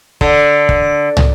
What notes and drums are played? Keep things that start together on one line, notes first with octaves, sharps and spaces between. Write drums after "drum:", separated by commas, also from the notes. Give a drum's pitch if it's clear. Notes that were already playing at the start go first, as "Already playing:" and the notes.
D3, drum: kick
drum: kick
drum: tom